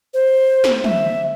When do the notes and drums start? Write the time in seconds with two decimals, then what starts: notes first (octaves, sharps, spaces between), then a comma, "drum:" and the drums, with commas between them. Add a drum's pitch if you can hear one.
0.14 C5
0.64 drum: snare
0.84 E5, drum: tom